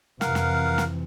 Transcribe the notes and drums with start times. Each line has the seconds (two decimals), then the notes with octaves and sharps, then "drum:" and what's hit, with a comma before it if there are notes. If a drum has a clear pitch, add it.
0.21 F2 C3 E3 A#4 F5 F#5, drum: snare
0.35 drum: snare
0.78 drum: snare